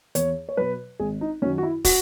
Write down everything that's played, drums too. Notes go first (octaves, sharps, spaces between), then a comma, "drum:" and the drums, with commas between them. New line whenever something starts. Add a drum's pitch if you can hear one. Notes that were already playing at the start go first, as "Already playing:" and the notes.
E2 C#5, drum: hi-hat
C#5
B2 F#3 B4
G#1 G#4
D#4
F#2 D#3 F#3 C#4
F#4
E4
F#4, drum: kick, open hi-hat